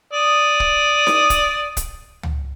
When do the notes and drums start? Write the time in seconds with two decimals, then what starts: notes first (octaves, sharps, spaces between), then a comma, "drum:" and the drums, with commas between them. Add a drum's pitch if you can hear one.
0.13 D5 D#6
0.60 drum: kick
1.07 drum: snare D#4
1.30 drum: kick, hi-hat
1.77 drum: kick, hi-hat
2.23 drum: tom